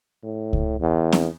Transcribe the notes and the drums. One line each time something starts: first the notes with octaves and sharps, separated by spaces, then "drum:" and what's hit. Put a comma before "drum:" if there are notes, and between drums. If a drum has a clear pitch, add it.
A2
drum: kick C#2
E2
drum: snare C4